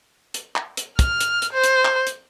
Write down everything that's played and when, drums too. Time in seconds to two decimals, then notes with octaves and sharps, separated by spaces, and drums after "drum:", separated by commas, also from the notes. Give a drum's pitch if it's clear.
0.34 drum: hi-hat
0.56 drum: clap
0.77 drum: hi-hat
0.99 F6, drum: kick, hi-hat
1.20 drum: hi-hat
1.42 drum: hi-hat
1.53 C5
1.64 drum: hi-hat
1.85 drum: clap
2.07 drum: hi-hat